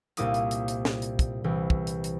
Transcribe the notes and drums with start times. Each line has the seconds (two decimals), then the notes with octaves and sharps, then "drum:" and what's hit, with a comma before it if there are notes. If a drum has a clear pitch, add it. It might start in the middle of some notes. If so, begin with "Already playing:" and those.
0.17 C2 A#2 A#3 E4 D6 D#6, drum: hi-hat
0.34 drum: hi-hat
0.51 drum: hi-hat
0.68 drum: hi-hat
0.85 drum: snare
1.02 drum: hi-hat
1.19 drum: kick, hi-hat
1.44 C2 E3
1.70 drum: kick
1.87 drum: hi-hat
2.04 drum: hi-hat